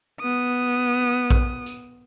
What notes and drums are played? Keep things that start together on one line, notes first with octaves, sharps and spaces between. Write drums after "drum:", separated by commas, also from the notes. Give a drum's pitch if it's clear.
B3 D#6
drum: kick A#1
drum: tambourine